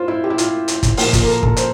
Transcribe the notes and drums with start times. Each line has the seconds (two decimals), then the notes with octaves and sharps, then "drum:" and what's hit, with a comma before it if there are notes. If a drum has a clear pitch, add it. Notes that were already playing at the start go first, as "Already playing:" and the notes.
Already playing: F4 C5
0.08 E4
0.24 G4
0.30 E4
0.38 F4, drum: hi-hat
0.68 drum: hi-hat
0.83 drum: kick, hi-hat
0.97 A#2 F3 A#3 F4, drum: open hi-hat
1.13 F4, drum: kick, hi-hat
1.23 A#4
1.27 A4
1.43 A4, drum: kick
1.57 C5, drum: hi-hat